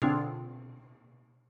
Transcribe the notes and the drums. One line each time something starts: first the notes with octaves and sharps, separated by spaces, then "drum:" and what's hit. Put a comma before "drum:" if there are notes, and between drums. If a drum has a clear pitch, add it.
D3 C4 D4 F4 G#4, drum: tom B2